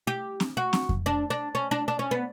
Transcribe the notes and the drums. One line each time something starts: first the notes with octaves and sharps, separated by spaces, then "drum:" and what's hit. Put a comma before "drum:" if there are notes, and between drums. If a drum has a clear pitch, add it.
G4
drum: snare C4
F#4
drum: snare C4
drum: kick F2
D4
D4
C#4
D4
D4
C#4
B3